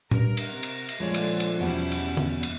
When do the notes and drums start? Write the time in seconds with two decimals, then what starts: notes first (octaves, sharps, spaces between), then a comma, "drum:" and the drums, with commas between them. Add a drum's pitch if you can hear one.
0.11 G2 A#4 A#5, drum: tom A#2
0.37 drum: cymbal
0.52 C3
0.63 drum: cymbal
0.89 drum: cymbal
1.00 A#2 D3 F3 G#3 C#5 D5
1.14 drum: cymbal
1.40 drum: cymbal
1.60 E2 B2 G3 C#4 E4
1.92 drum: cymbal
2.17 drum: tom
2.43 drum: cymbal